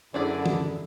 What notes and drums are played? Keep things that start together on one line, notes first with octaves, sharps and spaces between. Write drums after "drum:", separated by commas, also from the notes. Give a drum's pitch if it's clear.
F#2 D3 D4 E4 G#4 D5
drum: tom